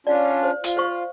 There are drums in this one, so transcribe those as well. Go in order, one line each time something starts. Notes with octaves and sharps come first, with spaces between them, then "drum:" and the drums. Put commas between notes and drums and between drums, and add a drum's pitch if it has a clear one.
C#4 D4 F4 D5 F5
C5
F4, drum: hi-hat
C5 F5 C#6